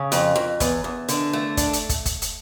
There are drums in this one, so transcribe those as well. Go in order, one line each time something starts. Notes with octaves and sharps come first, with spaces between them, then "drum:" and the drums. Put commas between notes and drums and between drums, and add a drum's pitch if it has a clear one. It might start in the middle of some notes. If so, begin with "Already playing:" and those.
Already playing: C#3
F2, drum: hi-hat
F2
E2, drum: kick, hi-hat
E2
D3, drum: hi-hat
A3
D4, drum: kick, hi-hat
drum: hi-hat
drum: kick, hi-hat
drum: kick, hi-hat
drum: hi-hat